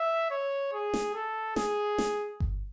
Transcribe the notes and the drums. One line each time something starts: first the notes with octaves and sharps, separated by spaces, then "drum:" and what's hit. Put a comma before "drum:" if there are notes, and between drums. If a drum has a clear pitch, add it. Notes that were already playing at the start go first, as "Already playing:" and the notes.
Already playing: E5
C#5
G#4
drum: snare
A4
G#4, drum: snare
drum: snare
drum: kick G1